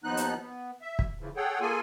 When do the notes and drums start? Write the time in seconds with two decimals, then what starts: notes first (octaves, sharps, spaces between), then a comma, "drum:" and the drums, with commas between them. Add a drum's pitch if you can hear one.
0.04 D#2 F3 B3 D#4 F#6
0.17 drum: hi-hat
0.40 B3
0.82 E5
0.99 drum: kick
1.19 C#3 E3 F3
1.36 G#4 A4 C#5 F#5 G5
1.61 A#3 F4 G#4 A4 G#5